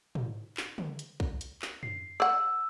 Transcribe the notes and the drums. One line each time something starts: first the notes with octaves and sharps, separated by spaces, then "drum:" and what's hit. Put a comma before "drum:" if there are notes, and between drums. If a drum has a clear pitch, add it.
drum: tom
drum: clap
drum: tom
drum: hi-hat
drum: kick B1
drum: hi-hat
drum: clap
C7, drum: tom
D5 F#5 E6